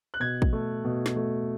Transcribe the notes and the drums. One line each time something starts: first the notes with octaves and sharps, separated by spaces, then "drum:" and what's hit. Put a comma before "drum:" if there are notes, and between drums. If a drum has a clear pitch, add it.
F#6
B2 G#6
drum: kick
A3
B2
drum: snare
A3